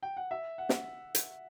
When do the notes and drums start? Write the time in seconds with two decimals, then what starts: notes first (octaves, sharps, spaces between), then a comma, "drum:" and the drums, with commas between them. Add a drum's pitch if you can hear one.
0.03 G5
0.17 F#5
0.31 E5
0.58 F#5
0.69 drum: snare
1.15 drum: hi-hat